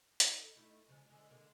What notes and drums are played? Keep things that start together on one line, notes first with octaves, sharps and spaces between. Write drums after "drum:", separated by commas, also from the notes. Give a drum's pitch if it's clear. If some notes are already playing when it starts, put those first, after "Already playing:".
D#4 A4, drum: hi-hat
A3 D#4 E4
C#3 F3 G#3
D3 G#3
D3 G#3 A#3